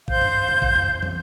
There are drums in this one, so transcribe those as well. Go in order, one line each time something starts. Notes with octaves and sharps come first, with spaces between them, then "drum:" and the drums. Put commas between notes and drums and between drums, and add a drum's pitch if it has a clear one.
C5 F5 G6, drum: kick A1
drum: tom G2
drum: tom F2
drum: kick A1
drum: tom F2
drum: tom